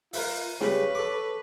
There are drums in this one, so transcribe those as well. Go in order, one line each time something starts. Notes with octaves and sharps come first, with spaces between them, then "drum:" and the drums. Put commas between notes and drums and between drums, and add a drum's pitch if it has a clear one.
F4 A#4 B4 E5, drum: open hi-hat
C#3 G3 B4 C#5, drum: snare
A4 C#6 D6